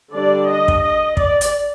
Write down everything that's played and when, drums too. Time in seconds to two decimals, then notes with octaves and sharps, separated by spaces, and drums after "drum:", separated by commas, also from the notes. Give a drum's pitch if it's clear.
0.12 D3 G3 D4 D5
0.48 D#5
0.68 drum: kick
0.83 D#5
1.17 D5, drum: kick
1.41 drum: hi-hat